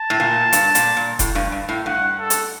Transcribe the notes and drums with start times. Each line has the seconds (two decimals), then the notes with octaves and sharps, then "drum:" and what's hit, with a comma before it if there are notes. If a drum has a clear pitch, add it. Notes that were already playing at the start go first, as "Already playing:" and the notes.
Already playing: A5
0.10 A2
0.20 A#2
0.53 G2, drum: hi-hat
0.75 A#2, drum: hi-hat
0.97 A#2
1.19 A2, drum: kick E1, hi-hat
1.35 G2
1.52 G2
1.69 A2
1.86 G2 F#5
2.19 A4
2.30 drum: hi-hat